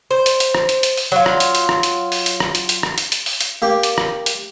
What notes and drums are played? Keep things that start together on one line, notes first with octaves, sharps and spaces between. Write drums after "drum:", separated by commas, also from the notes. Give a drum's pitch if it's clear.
C5
drum: hi-hat
drum: hi-hat
drum: rim click
drum: hi-hat
drum: hi-hat
drum: open hi-hat
F#3 F4
drum: rim click
drum: hi-hat
drum: hi-hat
drum: rim click
drum: hi-hat
drum: open hi-hat
drum: hi-hat
drum: rim click
drum: hi-hat
drum: hi-hat
drum: rim click
drum: hi-hat
drum: hi-hat
drum: open hi-hat
drum: hi-hat
A#3 G4
drum: hi-hat
drum: rim click
drum: hi-hat